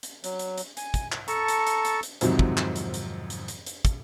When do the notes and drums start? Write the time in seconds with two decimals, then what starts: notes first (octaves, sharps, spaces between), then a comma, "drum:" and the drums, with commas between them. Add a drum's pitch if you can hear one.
0.03 drum: hi-hat
0.24 F#3, drum: hi-hat
0.39 drum: hi-hat
0.58 drum: hi-hat
0.77 G#5, drum: hi-hat
0.94 drum: kick, hi-hat
1.12 drum: clap
1.28 A4 A5 A#5 C#6, drum: hi-hat
1.48 drum: hi-hat
1.67 drum: hi-hat
1.85 drum: hi-hat
2.03 drum: hi-hat
2.21 F2 G#2 C3 D#3 F3 F#3, drum: hi-hat
2.39 drum: kick
2.57 drum: clap
2.76 drum: hi-hat
2.94 drum: hi-hat
3.30 drum: hi-hat
3.48 drum: hi-hat
3.66 drum: hi-hat
3.85 drum: kick, hi-hat